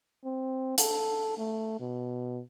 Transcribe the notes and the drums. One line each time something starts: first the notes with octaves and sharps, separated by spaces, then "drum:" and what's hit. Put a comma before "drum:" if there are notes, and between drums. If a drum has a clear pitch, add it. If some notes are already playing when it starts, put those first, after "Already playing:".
C4
A4, drum: hi-hat
A3
B2